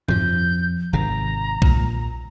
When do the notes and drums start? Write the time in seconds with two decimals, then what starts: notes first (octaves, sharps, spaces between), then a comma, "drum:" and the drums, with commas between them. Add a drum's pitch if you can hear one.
0.08 F2 F3 G6, drum: tom G2
0.93 G#1 C3 D#3 A#5
1.62 A#2, drum: kick A#1